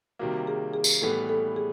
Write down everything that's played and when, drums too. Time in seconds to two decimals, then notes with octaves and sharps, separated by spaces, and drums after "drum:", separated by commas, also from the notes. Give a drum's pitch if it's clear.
0.19 C3 D#3 G3 A#3 F#4
0.47 G#4
0.74 G#4
0.84 drum: tambourine
1.02 A2 E3 G3 B3 A4
1.29 A4
1.56 G#4